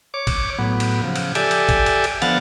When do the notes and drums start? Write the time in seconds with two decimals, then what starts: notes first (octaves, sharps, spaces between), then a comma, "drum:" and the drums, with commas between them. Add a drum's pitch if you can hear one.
0.14 C#5 D6
0.27 drum: kick A1, cymbal
0.59 A2 F#3 B3
0.80 drum: cymbal
1.04 C#3 F3
1.16 drum: cymbal
1.35 G4 A4 D5 E5 G#5, drum: cymbal
1.51 drum: cymbal
1.69 drum: kick A1, cymbal
1.86 drum: cymbal
2.04 drum: cymbal
2.22 D3 F3 B3 F5 F#5 A6, drum: cymbal